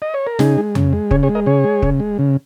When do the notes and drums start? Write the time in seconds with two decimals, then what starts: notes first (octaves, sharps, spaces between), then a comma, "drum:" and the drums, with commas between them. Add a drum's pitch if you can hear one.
0.02 D#5
0.14 C#5
0.27 A#4
0.39 C#3 D#4 G#4, drum: snare
0.58 G#3
0.75 C#3, drum: tom F2
0.93 G#3
1.11 C#3 G#4 C#5, drum: kick
1.23 G#4 C#5
1.29 G#3
1.35 A#4 D#5
1.46 C#3 G#4 C#5
1.64 G#3
1.82 C#3, drum: kick
2.00 G#3
2.19 C#3